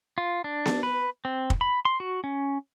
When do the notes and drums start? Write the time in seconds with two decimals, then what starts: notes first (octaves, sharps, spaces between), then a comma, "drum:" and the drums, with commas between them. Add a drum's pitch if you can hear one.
0.18 F4
0.44 D4
0.65 drum: snare B3
0.83 B4
1.25 C4
1.50 drum: kick
1.61 B5
1.85 C6
2.00 F#4
2.24 C#4